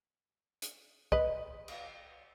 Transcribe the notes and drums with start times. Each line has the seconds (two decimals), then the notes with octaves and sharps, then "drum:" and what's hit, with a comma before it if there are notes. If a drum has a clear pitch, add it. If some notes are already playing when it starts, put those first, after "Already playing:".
0.62 drum: hi-hat
1.12 B4 D#5, drum: kick
1.68 drum: cymbal